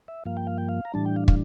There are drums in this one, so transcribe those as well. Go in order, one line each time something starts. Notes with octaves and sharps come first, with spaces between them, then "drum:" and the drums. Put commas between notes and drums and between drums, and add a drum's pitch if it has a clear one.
E5
G2 F3 A#3 F5
G5
F5
G5
F5
A#5
A2 E3 G3 D4 A5
G5
F5
F5, drum: kick